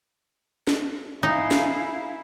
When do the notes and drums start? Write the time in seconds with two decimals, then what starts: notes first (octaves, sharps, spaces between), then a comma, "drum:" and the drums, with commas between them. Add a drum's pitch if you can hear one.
0.67 drum: snare
1.23 D#4 E4 F5 G#5
1.51 drum: snare